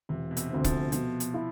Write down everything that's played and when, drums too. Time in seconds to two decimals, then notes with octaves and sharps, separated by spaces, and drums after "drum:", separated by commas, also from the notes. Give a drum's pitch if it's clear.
0.09 E1 C3
0.31 B2
0.37 C3, drum: hi-hat
0.51 D2 C3
0.64 F3, drum: kick, hi-hat
0.92 B2 F3, drum: hi-hat
1.20 drum: hi-hat
1.34 E4